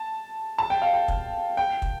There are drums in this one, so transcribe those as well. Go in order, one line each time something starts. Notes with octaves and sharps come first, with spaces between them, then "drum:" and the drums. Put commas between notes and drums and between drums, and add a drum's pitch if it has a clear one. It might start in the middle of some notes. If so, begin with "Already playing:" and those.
Already playing: A5
A5
G5
F5
G5
drum: kick
G5
drum: kick